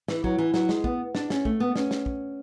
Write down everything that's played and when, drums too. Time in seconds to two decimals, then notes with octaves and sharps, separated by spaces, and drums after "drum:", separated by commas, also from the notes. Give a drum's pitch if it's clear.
0.08 E3, drum: snare
0.24 F#3, drum: kick
0.38 E3
0.54 F#3, drum: snare
0.69 G#3, drum: snare
0.84 B3, drum: kick
1.15 D4, drum: snare
1.30 C#4, drum: snare
1.45 A3, drum: kick
1.60 B3
1.76 C#4, drum: snare
1.91 drum: snare
2.06 drum: kick